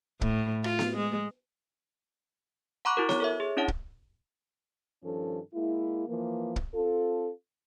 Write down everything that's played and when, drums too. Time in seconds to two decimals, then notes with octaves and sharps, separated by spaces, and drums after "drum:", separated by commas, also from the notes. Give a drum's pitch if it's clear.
0.21 A2, drum: kick
0.64 F4, drum: rim click
0.79 drum: snare B3
0.97 G#3
2.85 F#5 A#5 B5 C#6 D6 F#6
2.97 E4 F#4 A#4
3.09 C#5, drum: snare B3
3.20 A4 C#5 E5
3.40 G#4
3.57 C#4 D4 E4 C#5 F#5 A5
3.68 drum: kick
5.04 G2 D#3 F3 C#4 A4
5.54 G#3 A#3 E4
6.07 E3 F3 A#3
6.56 drum: kick
6.74 C4 F4 A4